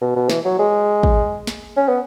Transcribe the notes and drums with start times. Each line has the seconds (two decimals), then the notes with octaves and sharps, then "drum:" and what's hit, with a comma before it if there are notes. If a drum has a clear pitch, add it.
0.01 B2
0.16 B2
0.30 E3, drum: snare
0.45 F#3
0.59 G#3
1.03 drum: kick
1.47 drum: snare
1.77 C#4
1.88 B3